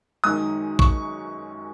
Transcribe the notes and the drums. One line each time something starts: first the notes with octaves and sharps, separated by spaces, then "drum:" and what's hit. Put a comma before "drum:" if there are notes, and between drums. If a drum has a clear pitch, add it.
F#2 D#3 G#3 D#4 D#6
C#6, drum: kick